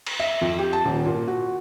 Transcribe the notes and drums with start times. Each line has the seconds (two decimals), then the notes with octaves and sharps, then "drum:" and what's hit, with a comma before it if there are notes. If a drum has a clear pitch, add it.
0.07 drum: cymbal
0.20 E5
0.41 F2
0.59 G4
0.73 A5
0.85 D#1
1.06 A#2
1.28 F#4